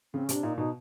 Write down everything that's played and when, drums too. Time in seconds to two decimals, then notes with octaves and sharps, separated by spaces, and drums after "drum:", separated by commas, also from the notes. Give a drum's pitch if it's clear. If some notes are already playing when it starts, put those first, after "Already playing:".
0.14 C#3 C4
0.24 C#4
0.29 C3 D4, drum: hi-hat
0.43 A#2 D#4
0.57 B2 D#4